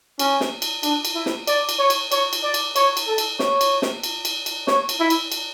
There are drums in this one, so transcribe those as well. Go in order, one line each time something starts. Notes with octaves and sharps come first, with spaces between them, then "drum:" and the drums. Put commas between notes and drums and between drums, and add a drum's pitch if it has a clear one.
C#4, drum: cymbal
drum: snare
drum: cymbal
D4, drum: cymbal
drum: cymbal
E4
drum: snare
D5, drum: cymbal
drum: cymbal
C#5
drum: cymbal
C#5, drum: cymbal
drum: cymbal
D5
drum: cymbal
C#5, drum: cymbal
drum: cymbal
A4
drum: cymbal
C#5, drum: snare
drum: cymbal
drum: snare
drum: cymbal
drum: cymbal
drum: cymbal
C#5, drum: snare
drum: cymbal
E4
drum: cymbal
drum: cymbal